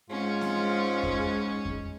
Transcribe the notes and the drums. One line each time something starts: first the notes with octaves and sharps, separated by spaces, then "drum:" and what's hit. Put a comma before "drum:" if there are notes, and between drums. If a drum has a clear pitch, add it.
G#2 G#3 C#4 F4
drum: snare
drum: kick F2
drum: kick F2